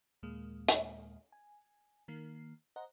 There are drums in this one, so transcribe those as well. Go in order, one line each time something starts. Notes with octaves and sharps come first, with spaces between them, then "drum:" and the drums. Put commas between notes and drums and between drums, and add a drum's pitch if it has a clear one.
D#2 A#2 G#3 A#3
drum: hi-hat
G#5
D#3 A#3 C7
C5 D#5 F#5 A#5